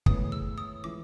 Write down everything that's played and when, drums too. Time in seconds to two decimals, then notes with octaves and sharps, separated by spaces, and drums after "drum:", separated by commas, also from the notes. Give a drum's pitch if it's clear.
0.06 A2 E3 G#3 B3 D#6, drum: kick
0.32 E6
0.58 D#6
0.84 E3 G#3 D6